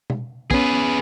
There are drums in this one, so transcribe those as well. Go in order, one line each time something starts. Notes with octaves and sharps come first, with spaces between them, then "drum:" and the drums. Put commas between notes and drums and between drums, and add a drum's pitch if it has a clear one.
drum: tom B2
B3 C#4 G#4 B4, drum: kick